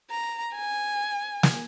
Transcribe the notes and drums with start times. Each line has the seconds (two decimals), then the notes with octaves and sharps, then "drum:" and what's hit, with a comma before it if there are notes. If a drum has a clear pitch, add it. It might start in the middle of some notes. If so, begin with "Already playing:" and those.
0.11 A#5
0.55 G#5
1.43 drum: snare